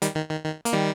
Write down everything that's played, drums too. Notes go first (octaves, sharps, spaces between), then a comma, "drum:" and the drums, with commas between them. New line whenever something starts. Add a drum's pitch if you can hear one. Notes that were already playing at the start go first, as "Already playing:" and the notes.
D#3 G3, drum: hi-hat
D#3
D#3
D#3
A#3, drum: hi-hat
D#3 G3